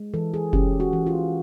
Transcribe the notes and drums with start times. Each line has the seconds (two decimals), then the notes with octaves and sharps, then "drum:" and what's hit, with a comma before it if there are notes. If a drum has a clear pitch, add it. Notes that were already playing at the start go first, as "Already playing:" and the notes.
Already playing: G#3
0.14 E3 A4
0.34 G#4
0.53 C#4 G4, drum: kick F1
0.80 F#4
0.93 E3
1.07 F4